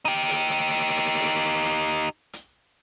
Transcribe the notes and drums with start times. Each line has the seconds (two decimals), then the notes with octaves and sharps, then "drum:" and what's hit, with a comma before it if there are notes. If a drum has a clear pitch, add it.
0.05 D#4 G4, drum: hi-hat
0.28 drum: open hi-hat
0.51 drum: hi-hat
0.74 drum: hi-hat
0.96 drum: hi-hat
1.19 drum: open hi-hat
1.42 drum: hi-hat
1.65 drum: hi-hat
1.88 drum: hi-hat
2.33 drum: hi-hat